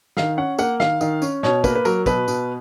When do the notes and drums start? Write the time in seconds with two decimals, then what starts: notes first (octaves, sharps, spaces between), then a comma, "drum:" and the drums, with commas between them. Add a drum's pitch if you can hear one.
0.17 D#3 F5, drum: snare
0.37 C#4 F#5
0.58 A#3 F#5, drum: tambourine
0.80 D#3 F5, drum: snare
1.01 D#3, drum: tambourine
1.22 C#4, drum: tambourine
1.43 B2 C#5, drum: snare
1.64 A#3 B4, drum: kick, tambourine
1.75 B4
1.85 F#3 A#4, drum: tambourine
2.06 B2 B4, drum: kick, tambourine
2.28 B2, drum: tambourine